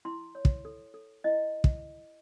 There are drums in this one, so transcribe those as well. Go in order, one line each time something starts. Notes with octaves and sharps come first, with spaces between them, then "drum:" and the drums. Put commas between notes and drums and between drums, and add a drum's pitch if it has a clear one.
E4 C6
C#5
drum: kick
A4
A4
E4 D#5
drum: kick